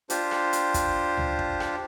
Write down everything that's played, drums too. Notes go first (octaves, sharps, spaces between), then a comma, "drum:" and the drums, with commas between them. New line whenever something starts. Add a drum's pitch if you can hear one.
D4 F4 G4 C5, drum: hi-hat
drum: rim click
drum: hi-hat
drum: kick, hi-hat
drum: tom C#2
drum: kick
drum: rim click